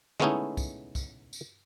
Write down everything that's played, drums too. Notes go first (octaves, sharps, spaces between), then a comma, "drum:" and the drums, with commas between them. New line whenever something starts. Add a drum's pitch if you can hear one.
G#3 A3 B3 C#4 D#4 E4, drum: tom D3
drum: kick C2, tambourine
drum: kick C2, tambourine
drum: tambourine